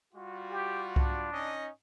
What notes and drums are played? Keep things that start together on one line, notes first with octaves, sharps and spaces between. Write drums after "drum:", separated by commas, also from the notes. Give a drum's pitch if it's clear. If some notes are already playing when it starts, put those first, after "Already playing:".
G3 F4 F#4
G4
D4, drum: kick C2
C#4 D#4 D#5